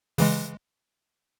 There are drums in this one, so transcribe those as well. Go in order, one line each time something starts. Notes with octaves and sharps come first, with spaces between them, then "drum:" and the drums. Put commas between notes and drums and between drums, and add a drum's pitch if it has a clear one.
C#3 E3 G#3, drum: open hi-hat